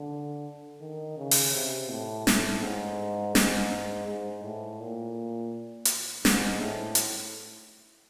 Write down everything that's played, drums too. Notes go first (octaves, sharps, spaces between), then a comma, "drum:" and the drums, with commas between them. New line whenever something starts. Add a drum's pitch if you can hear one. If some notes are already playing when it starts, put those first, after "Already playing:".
Already playing: D3
D#3
C#3
drum: open hi-hat
C3
A2
A2, drum: snare
G#2
G#2, drum: snare
G#2
A2
A#2
drum: hi-hat
G#2, drum: snare
A2
drum: hi-hat